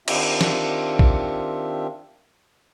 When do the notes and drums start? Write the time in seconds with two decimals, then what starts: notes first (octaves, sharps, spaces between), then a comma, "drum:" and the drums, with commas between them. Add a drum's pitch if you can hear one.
0.08 D#3 C4 D4 F4 G4 E5, drum: cymbal
0.41 drum: snare
0.99 drum: kick A#1